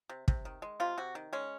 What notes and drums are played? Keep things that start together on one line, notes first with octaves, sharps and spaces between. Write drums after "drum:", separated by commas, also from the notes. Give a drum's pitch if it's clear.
C3
C3, drum: kick
D#3
G#3
C3 F4
C3 F#4
D#3
G#3 C#4